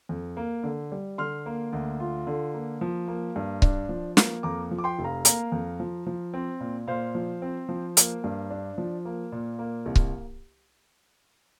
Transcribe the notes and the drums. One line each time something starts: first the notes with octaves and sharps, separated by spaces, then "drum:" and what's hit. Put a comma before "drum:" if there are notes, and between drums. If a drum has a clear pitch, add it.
F2
A#3
D3
G3
D3 C6 F6
A#3
D2
F4
D3
A#3
F3
A#3
G2
D4, drum: kick C#1
F3
A#3, drum: snare
F2 A#5 D6
F3
D6
G5 C6
F1
F5 A#5
A#3 F5 A#5, drum: hi-hat
F2
F3
F3
C4
A#2
A#2 C5 F5
F3
C4
F3
A#3, drum: hi-hat
G2
D4
F3
A#3
A#2
A#3
C2
drum: kick C#1